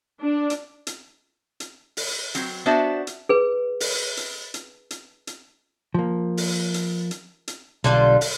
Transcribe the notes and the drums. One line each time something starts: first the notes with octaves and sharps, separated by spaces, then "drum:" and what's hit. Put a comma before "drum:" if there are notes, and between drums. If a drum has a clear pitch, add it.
D4
drum: hi-hat
drum: hi-hat
drum: hi-hat
drum: open hi-hat
F#3 C4, drum: hi-hat
B3 D4 F#4 C5 D5 E5
drum: hi-hat
G#4 B4
drum: open hi-hat
drum: hi-hat
drum: hi-hat
drum: hi-hat
drum: hi-hat
F3 A#3
drum: open hi-hat
drum: hi-hat
drum: hi-hat
drum: hi-hat
B1 D3 G3 F4
drum: open hi-hat